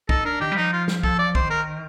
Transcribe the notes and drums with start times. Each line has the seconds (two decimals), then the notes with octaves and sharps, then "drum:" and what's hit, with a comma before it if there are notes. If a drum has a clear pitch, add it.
0.09 D#4 A4, drum: kick B1
0.25 D4 A#4
0.41 D#3 G4
0.52 G3
0.57 F3 D#4
0.73 F4
0.88 drum: snare
1.03 A4, drum: kick B1
1.19 D5
1.35 D#3 C5, drum: kick B1
1.50 A#4